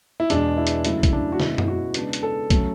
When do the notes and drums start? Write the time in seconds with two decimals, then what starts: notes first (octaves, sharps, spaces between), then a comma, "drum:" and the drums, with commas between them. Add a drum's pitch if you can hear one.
0.20 E4
0.30 E2 B2 G#3 D4, drum: hi-hat
0.57 E4
0.67 drum: hi-hat
0.85 F#2 C#3 F#3 A3 E4, drum: hi-hat
1.03 drum: kick, hi-hat
1.13 D4
1.32 F#4
1.40 B2 G#3 C#4 E4, drum: snare
1.58 drum: tom F#2
1.68 F#4
1.94 C#3 G#3 B3 D4, drum: hi-hat
2.13 drum: hi-hat
2.23 A4
2.50 F#3 A3 C#4, drum: kick, hi-hat